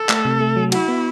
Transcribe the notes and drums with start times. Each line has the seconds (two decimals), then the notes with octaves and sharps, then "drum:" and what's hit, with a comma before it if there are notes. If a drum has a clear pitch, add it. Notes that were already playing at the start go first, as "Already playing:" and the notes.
Already playing: A4
0.09 A3, drum: clap
0.25 C3
0.40 A3
0.56 F#3
0.72 E4 F#4, drum: cymbal
0.88 B3